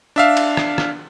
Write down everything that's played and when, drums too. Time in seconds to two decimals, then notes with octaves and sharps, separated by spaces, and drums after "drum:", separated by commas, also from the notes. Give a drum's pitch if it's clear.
0.16 D4 E5 F5
0.37 drum: cymbal
0.57 drum: rim click
0.78 drum: rim click